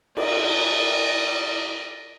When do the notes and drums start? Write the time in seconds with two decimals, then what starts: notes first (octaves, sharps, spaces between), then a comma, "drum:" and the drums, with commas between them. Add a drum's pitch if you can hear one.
0.17 D5 D#5, drum: cymbal